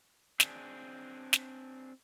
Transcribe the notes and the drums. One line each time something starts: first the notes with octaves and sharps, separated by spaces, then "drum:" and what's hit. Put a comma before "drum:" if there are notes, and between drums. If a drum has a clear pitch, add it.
C4 D4 G#4, drum: snare
drum: snare